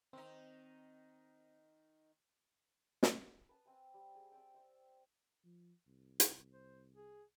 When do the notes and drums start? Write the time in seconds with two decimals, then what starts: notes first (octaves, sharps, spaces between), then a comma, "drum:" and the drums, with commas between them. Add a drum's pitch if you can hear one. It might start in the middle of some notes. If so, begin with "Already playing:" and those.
0.13 D#3 C4 D#4
3.03 drum: snare
3.49 B4 A5 D#6
3.65 C4 E5 G#5
3.94 G3
4.15 G#4
4.31 C4 D5 E5 G5
4.54 C5 E5
5.45 F3
5.87 C2
6.20 drum: hi-hat
6.53 C5
6.95 G#4